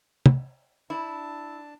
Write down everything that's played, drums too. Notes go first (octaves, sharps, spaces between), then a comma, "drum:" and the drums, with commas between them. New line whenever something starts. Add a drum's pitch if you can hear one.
drum: tom
D4 E4 A5